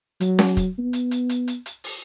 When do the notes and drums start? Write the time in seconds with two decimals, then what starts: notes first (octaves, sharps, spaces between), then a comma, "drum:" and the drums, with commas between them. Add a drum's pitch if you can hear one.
0.20 F#3, drum: hi-hat
0.39 drum: snare C#4
0.57 drum: kick, hi-hat
0.79 B3
0.93 drum: hi-hat
1.11 drum: hi-hat
1.29 drum: hi-hat
1.48 drum: hi-hat
1.66 drum: hi-hat
1.84 drum: open hi-hat